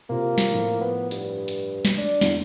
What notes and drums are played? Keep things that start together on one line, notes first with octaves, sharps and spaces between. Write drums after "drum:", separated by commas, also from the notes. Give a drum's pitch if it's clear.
C3 A#3 F4
drum: snare
A2 F3
B3
G2, drum: hi-hat
drum: hi-hat
drum: snare
D4
E2 D3, drum: snare